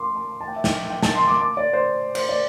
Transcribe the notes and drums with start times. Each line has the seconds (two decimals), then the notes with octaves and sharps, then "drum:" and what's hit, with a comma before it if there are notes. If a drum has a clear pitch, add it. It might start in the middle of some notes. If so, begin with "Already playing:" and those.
Already playing: C6 D6
0.16 A5
0.41 A5
0.48 G5
0.56 E5
0.64 G5, drum: snare
0.90 G5
1.03 A5, drum: snare
1.15 C6
1.28 D6
1.40 D6
1.57 D5
1.73 C5
2.15 C5, drum: cymbal
2.29 D5